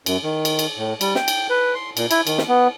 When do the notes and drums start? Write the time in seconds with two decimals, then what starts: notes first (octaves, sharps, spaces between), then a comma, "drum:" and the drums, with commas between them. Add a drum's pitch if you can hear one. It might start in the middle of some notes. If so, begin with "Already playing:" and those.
0.06 F#2, drum: cymbal
0.23 D#3
0.45 drum: cymbal
0.59 drum: cymbal
0.77 A2
1.01 G3, drum: cymbal
1.15 G5, drum: snare
1.28 drum: cymbal
1.50 B4
1.75 C6
1.97 A#2, drum: cymbal
2.11 E4, drum: cymbal
2.27 D#3, drum: cymbal
2.38 drum: snare
2.48 B3